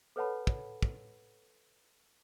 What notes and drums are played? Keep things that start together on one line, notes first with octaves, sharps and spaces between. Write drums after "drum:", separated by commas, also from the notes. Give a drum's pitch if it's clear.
A4 B4 C#5 F#5 A5 B5
drum: kick
drum: kick